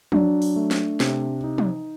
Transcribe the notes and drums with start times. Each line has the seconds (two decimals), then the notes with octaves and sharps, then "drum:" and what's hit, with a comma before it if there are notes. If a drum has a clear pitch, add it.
0.12 F#3 D4, drum: tom
0.42 drum: open hi-hat
0.56 A3
0.71 drum: snare
1.00 C3, drum: snare
1.44 D#4
1.58 drum: tom